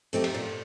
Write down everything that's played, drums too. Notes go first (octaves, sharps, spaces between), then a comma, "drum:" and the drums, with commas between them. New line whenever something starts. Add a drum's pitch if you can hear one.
A3 C4 D#4 G4
drum: cymbal
A#2